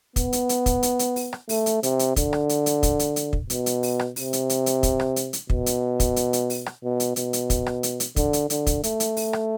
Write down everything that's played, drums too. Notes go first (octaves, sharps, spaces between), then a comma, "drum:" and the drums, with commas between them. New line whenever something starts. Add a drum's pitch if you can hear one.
B3, drum: kick, hi-hat
drum: hi-hat
drum: hi-hat
drum: kick, hi-hat
drum: hi-hat
drum: hi-hat
drum: open hi-hat
drum: rim click
A3, drum: open hi-hat
drum: hi-hat
C3, drum: hi-hat
drum: hi-hat
D3, drum: kick, hi-hat
drum: rim click
drum: hi-hat
drum: hi-hat
drum: kick, hi-hat
drum: hi-hat
drum: hi-hat
drum: kick
B2, drum: hi-hat
drum: hi-hat
drum: open hi-hat
drum: rim click
C3, drum: open hi-hat
drum: hi-hat
drum: hi-hat
drum: hi-hat
drum: kick, hi-hat
drum: rim click
drum: hi-hat
drum: hi-hat
B2, drum: kick
drum: hi-hat
drum: kick, hi-hat
drum: hi-hat
drum: hi-hat
drum: open hi-hat
drum: rim click
B2
drum: hi-hat
B2, drum: hi-hat
drum: hi-hat
drum: kick, hi-hat
drum: rim click
drum: hi-hat
drum: hi-hat
D3, drum: kick, hi-hat
drum: hi-hat
D3, drum: hi-hat
drum: kick, hi-hat
A3, drum: hi-hat
drum: hi-hat
drum: open hi-hat
drum: rim click